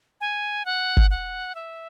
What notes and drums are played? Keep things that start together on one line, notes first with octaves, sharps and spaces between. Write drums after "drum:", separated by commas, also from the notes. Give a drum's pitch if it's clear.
G#5
F#5
drum: kick G1
F#5
E5